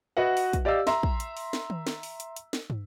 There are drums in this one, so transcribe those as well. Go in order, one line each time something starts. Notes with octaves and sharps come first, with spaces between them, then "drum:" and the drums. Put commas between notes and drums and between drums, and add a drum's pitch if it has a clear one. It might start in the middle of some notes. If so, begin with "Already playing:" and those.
F#4 B4 D#5 E5 F#5
drum: open hi-hat
drum: kick, hi-hat
G4 D5 D#5 F5 E6
E5 A#5 C6, drum: snare
drum: kick
drum: hi-hat
drum: open hi-hat
drum: snare
drum: tom D#3
drum: snare
drum: open hi-hat
drum: hi-hat
drum: hi-hat
drum: snare
drum: tom